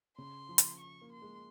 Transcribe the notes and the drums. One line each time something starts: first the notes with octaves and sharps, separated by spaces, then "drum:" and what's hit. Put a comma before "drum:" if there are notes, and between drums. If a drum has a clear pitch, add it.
C#3 C6
F3
drum: hi-hat
C#6
A#3
C6
G#3